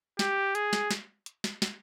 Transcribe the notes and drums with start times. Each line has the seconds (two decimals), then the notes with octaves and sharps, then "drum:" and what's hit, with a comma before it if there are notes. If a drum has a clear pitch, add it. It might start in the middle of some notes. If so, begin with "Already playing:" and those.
0.19 G4, drum: snare
0.55 G#4, drum: hi-hat
0.73 drum: snare
0.91 drum: snare
1.26 drum: hi-hat
1.44 drum: snare
1.62 drum: snare